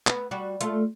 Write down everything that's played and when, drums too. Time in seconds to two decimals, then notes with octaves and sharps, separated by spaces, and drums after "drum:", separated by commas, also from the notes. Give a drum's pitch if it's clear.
0.07 B3, drum: clap
0.31 G3 F#4
0.61 A3 F4, drum: hi-hat